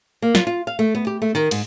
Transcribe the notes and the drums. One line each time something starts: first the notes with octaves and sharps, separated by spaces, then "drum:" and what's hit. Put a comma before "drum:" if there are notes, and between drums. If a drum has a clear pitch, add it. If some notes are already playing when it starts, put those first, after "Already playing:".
A#3
F4, drum: snare
F4
F5
A3
B3
G4
A3
D#3
G#2, drum: cymbal